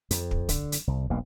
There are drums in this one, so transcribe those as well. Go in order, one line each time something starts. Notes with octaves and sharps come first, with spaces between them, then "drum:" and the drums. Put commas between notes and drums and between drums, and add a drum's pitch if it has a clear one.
F2, drum: hi-hat
drum: kick
D3, drum: kick, hi-hat
drum: hi-hat
C2
E1 B1 B2 A#3